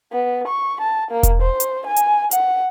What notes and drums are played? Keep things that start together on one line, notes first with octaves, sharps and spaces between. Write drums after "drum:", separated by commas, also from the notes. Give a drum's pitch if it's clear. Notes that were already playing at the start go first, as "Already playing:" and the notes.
B3
C#6
A5
A#3
drum: kick E1, hi-hat
C5
drum: hi-hat
G#5
drum: hi-hat
F#5, drum: hi-hat